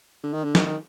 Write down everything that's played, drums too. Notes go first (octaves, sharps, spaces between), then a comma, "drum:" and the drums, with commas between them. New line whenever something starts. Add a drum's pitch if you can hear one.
D3
D#3
D3
D#3, drum: snare
D#3